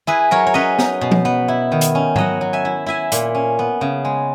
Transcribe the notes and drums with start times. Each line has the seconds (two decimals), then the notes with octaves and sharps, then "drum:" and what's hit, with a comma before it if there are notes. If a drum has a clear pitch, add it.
0.07 E4 G#4 B4
0.31 F#3 A#4 C#5
0.47 C#5
0.54 C#4 B4 D#5
0.79 D#4, drum: snare
1.01 B2
1.11 drum: tom F3
1.25 B3
1.48 E4
1.72 D#3
1.81 drum: hi-hat
1.95 C#4
2.16 F#3 D#5 F#5, drum: tom G#2
2.41 F#3
2.53 E5 G#5
2.65 E4
2.86 E4 E5 G#5
3.12 A#2, drum: hi-hat
3.35 C#4
3.59 B3
3.81 C#3
4.05 G#3